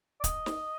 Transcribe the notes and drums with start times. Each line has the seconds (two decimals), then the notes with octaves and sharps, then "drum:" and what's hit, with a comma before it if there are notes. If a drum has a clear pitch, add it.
0.20 D5
0.24 D#5, drum: kick, hi-hat
0.46 drum: snare